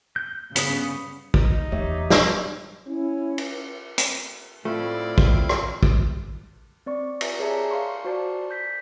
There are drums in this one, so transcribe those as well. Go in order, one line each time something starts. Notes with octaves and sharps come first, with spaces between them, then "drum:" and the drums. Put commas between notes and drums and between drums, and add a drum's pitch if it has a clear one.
G6
G2 C#3 B3 D#6, drum: hi-hat
D#4, drum: kick
F1 E2 G4 C#5 E5
D4, drum: snare
C#4 E4
drum: cymbal
drum: hi-hat
A2 A3 C4 E4 F4 D5 F5
drum: kick
drum: rim click
drum: kick
C4 D5 C#6
drum: cymbal
G#4 C#5 D5 E5 A5 A#5
F5 C6 C#6
F#4 C5 D5 A5
G6 B6